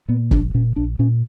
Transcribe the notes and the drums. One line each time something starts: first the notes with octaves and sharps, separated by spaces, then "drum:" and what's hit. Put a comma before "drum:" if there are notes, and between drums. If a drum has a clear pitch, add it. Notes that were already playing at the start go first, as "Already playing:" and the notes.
A#2 B3
A#1 D4, drum: kick
A#2 C#4
A#1 D4
A#2 C#4